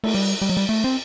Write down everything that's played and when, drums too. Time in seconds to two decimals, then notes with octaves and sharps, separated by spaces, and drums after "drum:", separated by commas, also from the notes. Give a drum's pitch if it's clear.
0.04 A3, drum: cymbal
0.15 G3
0.42 G3
0.50 F#3
0.57 G3
0.69 A3
0.84 C4